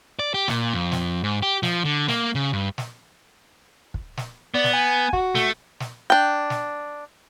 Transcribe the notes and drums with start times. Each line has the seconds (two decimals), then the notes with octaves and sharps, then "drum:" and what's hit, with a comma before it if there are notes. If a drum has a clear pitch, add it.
0.19 D5
0.34 G4
0.48 A#2, drum: snare
0.73 F2
0.92 drum: snare
1.23 G#2
1.43 G4
1.63 F3, drum: snare
1.85 D3
2.08 A#3, drum: snare
2.35 C#3
2.53 G2
2.78 drum: snare
3.94 drum: kick
4.17 drum: snare
4.54 B3 D5
4.64 drum: snare
4.73 G#5
5.13 F#4, drum: kick
5.35 A3, drum: snare
5.80 drum: snare
6.10 D4 G5
6.50 drum: snare